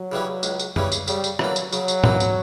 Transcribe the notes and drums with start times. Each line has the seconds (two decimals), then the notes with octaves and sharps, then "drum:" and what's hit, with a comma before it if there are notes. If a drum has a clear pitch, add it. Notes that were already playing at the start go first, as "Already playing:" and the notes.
Already playing: F#3
0.12 C#3 E3 G3 C#4
0.43 C#2, drum: tambourine
0.59 drum: tambourine
0.76 C#3 E3 G3 C#4, drum: tom F#2
0.92 drum: tambourine
1.08 C#3 G3, drum: tambourine
1.24 drum: tambourine
1.39 E3 F#3 A#3, drum: rim click
1.56 drum: tambourine
1.72 C#3 F#3, drum: tambourine
1.88 drum: tambourine
2.04 E3 A#3, drum: tom G#2
2.20 drum: tambourine